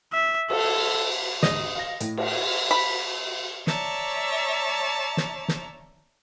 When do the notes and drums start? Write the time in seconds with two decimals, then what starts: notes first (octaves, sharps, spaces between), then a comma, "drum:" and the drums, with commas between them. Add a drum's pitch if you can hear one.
0.13 E5
0.50 A4, drum: cymbal
1.43 D2 G#2 D#5, drum: snare
1.75 F5 A#6
2.00 A2, drum: hi-hat
2.17 drum: cymbal
2.71 B5
3.67 C#5 D5 E5 A5 A#5, drum: snare
5.17 drum: snare
5.48 drum: snare